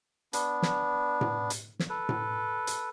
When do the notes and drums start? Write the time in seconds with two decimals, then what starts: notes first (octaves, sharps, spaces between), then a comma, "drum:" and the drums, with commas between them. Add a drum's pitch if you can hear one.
0.33 B3 D4, drum: hi-hat
0.62 drum: snare
1.21 drum: tom A2
1.50 drum: hi-hat
1.79 drum: snare
1.90 A4 B4
2.09 drum: tom A2
2.67 drum: hi-hat